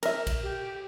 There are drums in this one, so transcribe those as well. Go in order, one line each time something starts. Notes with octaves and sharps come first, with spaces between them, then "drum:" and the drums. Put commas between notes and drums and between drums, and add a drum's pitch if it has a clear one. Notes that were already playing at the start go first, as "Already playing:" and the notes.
A#4 E5, drum: cymbal
drum: kick, cymbal
G4